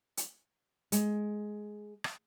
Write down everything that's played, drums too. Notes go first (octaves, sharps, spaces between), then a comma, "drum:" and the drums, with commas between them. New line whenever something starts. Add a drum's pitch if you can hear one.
drum: hi-hat
G#3, drum: hi-hat
drum: rim click